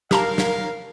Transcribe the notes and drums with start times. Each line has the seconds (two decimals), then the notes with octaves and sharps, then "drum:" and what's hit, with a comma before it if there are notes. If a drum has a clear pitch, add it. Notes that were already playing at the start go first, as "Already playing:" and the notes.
0.11 G4 A#4 F5 A5 A#5, drum: snare
0.38 drum: snare